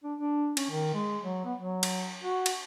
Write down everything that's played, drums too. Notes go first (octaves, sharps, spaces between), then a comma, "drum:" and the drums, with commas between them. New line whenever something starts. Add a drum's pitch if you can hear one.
D4
D4
C#4, drum: cymbal
D#3
G#3
F#3
B3
F#3
drum: cymbal
F#4
drum: cymbal